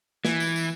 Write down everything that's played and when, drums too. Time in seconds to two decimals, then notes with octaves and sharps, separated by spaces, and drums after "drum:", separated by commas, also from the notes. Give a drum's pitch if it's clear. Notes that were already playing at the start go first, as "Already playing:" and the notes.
0.25 E3, drum: snare
0.40 drum: tambourine
0.56 drum: tambourine